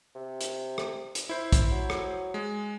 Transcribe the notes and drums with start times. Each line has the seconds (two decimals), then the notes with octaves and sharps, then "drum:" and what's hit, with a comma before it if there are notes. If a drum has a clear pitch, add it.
0.15 C3
0.41 drum: hi-hat
0.78 drum: rim click
1.15 drum: hi-hat
1.29 E4 C5
1.52 drum: kick, hi-hat
1.71 F#3
1.90 drum: rim click
2.34 G#3